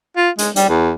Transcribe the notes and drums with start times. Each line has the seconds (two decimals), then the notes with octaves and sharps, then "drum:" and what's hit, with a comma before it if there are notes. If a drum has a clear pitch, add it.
0.17 F4
0.38 G#3, drum: hi-hat
0.56 G3, drum: hi-hat
0.69 E2